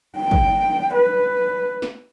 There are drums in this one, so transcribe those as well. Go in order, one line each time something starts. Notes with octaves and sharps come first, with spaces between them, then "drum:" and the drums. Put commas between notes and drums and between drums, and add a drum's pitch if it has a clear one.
G5
drum: kick
B4
drum: snare